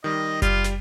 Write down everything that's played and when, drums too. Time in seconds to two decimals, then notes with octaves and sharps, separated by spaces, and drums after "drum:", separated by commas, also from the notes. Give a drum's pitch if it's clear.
0.04 D#3 G3 D#5
0.42 G3 F4, drum: kick F#1, hi-hat
0.64 drum: snare